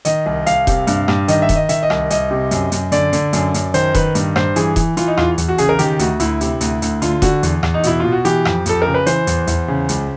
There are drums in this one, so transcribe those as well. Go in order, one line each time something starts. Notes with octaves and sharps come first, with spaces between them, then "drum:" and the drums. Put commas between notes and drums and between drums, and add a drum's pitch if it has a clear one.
D#3 D#5, drum: hi-hat
C2
C2 F5, drum: hi-hat
C3, drum: kick E1, hi-hat
G2, drum: hi-hat
G2, drum: rim click
D#3 D#5, drum: hi-hat
E5
D#3, drum: kick E1, hi-hat
D#5
D#3 E5, drum: hi-hat
D#5
C2, drum: rim click
C2 D#5, drum: hi-hat
C3
F#2, drum: hi-hat
F#2, drum: hi-hat
D3 D5, drum: hi-hat
D3, drum: hi-hat
F#2, drum: hi-hat
F#2, drum: hi-hat
D#3 C5, drum: hi-hat
D#3 B4, drum: kick E1, hi-hat
G2, drum: hi-hat
G2 C5, drum: rim click
E3 G#4, drum: hi-hat
E3, drum: kick E1, hi-hat
E3 F4, drum: hi-hat
D#4
E2 F4, drum: rim click
E2, drum: hi-hat
F#4
C#3 G#4, drum: hi-hat
A#4
D#3 G4, drum: hi-hat
D2 F#4, drum: hi-hat
D2 E4, drum: hi-hat
C3, drum: hi-hat
D2, drum: hi-hat
D2, drum: hi-hat
D3 F4, drum: hi-hat
D3 F#4, drum: kick E1, hi-hat
E2, drum: hi-hat
E2, drum: rim click
D#4
B2 E4, drum: hi-hat
B2 F4
F#4
E3 G4, drum: hi-hat
F2, drum: rim click
F2 A4, drum: hi-hat
C#3 A#4
B4
E3 C5, drum: hi-hat
E2, drum: hi-hat
E2, drum: hi-hat
C#3
C#2, drum: hi-hat